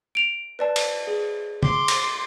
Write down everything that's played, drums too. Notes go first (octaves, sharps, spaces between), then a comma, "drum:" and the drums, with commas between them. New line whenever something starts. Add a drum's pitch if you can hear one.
D7 F7
B4 D5 A5
drum: cymbal
G#4
C6 D6, drum: tom
drum: cymbal